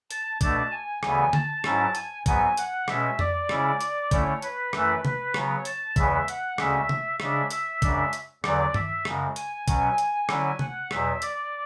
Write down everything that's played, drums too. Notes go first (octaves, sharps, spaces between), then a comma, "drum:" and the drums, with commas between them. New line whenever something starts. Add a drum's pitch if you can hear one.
A5, drum: hi-hat
B2 A3 D4 A5, drum: kick, hi-hat
G#5
D2 C#3 E3 B3 G#5, drum: rim click
A5, drum: tom
G#2 F#3 C#4 E4, drum: rim click
G#5, drum: hi-hat
G#2 F#3 B3 G#5, drum: kick, hi-hat
F#5, drum: hi-hat
B2 G#3 C#4 E5, drum: rim click
D5, drum: tom F2
C#3 G#3 C#4 E4, drum: rim click
drum: hi-hat
D3 A3 C#4 E4 C#5, drum: kick, hi-hat
B4, drum: hi-hat
F#2 E3 A3 E4, drum: rim click
B4, drum: tom C3
C#3 F#3 B3 C#5, drum: rim click
A5, drum: hi-hat
E2 C#3 E3 G#3 B3 E5, drum: kick, hi-hat
F#5, drum: hi-hat
D2 C#3 G#3 C#4 E5, drum: rim click
drum: tom C3
C#3 G#3 D4 E5, drum: rim click
E5, drum: hi-hat
F#2 C#3 G#3 D4, drum: kick, hi-hat
drum: hi-hat
E2 D3 F#3 D5, drum: rim click
E5, drum: tom G2
F#2 C#3 G#3, drum: rim click
G#5, drum: hi-hat
B2 F#3 C#4, drum: kick, hi-hat
drum: hi-hat
D3 F#3 C#4 E4, drum: rim click
F#5, drum: tom C3
E2 B2 F#3 E5, drum: rim click
D5, drum: hi-hat